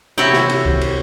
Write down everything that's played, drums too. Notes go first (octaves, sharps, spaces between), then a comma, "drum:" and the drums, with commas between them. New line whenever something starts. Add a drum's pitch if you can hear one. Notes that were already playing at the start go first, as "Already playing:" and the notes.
C3 E4 F#4 C#5 F#5 G5
drum: snare
drum: cymbal
drum: kick C2
drum: cymbal